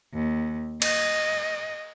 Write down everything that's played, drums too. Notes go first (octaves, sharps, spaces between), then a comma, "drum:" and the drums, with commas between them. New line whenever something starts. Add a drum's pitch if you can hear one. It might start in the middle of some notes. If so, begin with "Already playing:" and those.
D#2
D#5, drum: cymbal